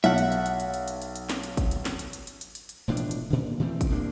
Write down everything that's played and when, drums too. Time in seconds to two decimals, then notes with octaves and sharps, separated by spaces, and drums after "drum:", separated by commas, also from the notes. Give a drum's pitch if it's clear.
0.04 B1 E5 F#5, drum: hi-hat
0.18 drum: hi-hat
0.32 drum: hi-hat
0.46 drum: hi-hat
0.60 drum: hi-hat
0.74 drum: hi-hat
0.88 drum: hi-hat
1.02 drum: hi-hat
1.16 drum: hi-hat
1.29 drum: snare
1.43 drum: hi-hat
1.57 drum: kick, hi-hat
1.71 drum: hi-hat
1.85 drum: snare
1.99 drum: hi-hat
2.13 drum: hi-hat
2.27 drum: hi-hat
2.41 drum: hi-hat
2.55 drum: hi-hat
2.69 drum: hi-hat
2.88 E1 A2 F3 D4
2.97 drum: hi-hat
3.11 drum: hi-hat
3.30 A#2 D3
3.60 A#2 E3 A3 C4
3.81 drum: kick, hi-hat
3.90 C2 G2 A#3 D4